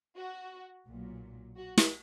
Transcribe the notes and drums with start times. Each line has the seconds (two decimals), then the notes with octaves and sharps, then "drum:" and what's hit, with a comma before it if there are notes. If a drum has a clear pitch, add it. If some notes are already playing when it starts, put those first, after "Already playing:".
0.18 F#4
0.87 B1 A#2 F#3
1.57 F#4
1.78 drum: snare